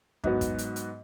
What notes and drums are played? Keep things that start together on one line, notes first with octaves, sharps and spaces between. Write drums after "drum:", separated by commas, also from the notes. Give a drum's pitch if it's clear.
G#2 F#3 B3 F#4, drum: kick
drum: kick, hi-hat
drum: hi-hat
drum: hi-hat